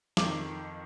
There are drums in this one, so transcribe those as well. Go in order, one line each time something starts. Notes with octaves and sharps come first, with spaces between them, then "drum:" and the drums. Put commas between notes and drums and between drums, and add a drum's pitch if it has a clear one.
F2 D#3 D6, drum: snare